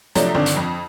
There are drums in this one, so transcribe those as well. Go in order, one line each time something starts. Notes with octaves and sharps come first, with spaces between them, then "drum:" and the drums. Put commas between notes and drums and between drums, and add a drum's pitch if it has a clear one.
C3 F3 F#3 A3 C4 D4, drum: hi-hat
G1 D3 D#3 C4 D4
drum: hi-hat
F2